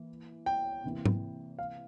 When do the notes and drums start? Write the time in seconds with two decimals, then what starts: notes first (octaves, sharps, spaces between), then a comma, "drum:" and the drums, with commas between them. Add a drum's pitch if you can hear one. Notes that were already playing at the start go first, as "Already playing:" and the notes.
Already playing: E3 A#3
0.46 G5
0.83 C3 E3 A#3
1.06 drum: tom G#2
1.59 F5